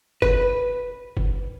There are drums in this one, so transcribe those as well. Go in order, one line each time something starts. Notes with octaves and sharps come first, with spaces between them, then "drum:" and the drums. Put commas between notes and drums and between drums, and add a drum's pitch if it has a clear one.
B4, drum: kick
drum: kick